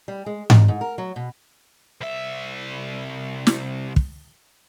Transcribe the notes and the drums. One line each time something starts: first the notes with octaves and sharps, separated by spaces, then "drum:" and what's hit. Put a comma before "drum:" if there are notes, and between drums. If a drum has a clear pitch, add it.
G3
G#3
D#4, drum: tom G#2
G#2
A#4
F#3
B2
C2 E5
drum: snare
drum: kick